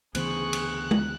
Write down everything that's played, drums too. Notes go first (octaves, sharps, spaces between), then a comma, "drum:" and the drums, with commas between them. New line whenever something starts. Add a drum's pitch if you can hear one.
D2 C#3 E3 B3 G#4 C5 C#6 F#6, drum: cymbal
drum: cymbal
drum: tom